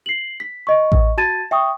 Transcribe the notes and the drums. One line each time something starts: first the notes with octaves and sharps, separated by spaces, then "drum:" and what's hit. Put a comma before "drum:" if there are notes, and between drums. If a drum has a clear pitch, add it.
C7 F#7
B6
D#5 C#6
drum: kick A1
F#4 A5 G#6 A6 D#7 E7
E5 G5 C#6 D#6